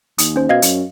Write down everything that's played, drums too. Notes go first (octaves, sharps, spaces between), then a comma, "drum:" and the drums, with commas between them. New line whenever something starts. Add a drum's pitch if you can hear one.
D#2 D#6, drum: hi-hat
C#4 C5
B2 D#5 F5 G#6
F#2, drum: hi-hat